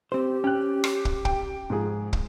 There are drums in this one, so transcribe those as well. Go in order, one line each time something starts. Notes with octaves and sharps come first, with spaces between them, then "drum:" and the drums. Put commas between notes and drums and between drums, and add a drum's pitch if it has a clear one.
C4 G4 C5
C#4 G5 F#6
drum: rim click
drum: kick
G5, drum: kick
G#2 F3 G#4
drum: kick